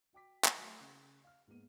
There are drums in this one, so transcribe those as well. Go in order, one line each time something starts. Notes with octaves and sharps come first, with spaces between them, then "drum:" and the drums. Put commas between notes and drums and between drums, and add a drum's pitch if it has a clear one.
F#4 G5 D6 B6
drum: clap
F#3 A3
C#3
F5 F6
G#2 A#3 B3 D#7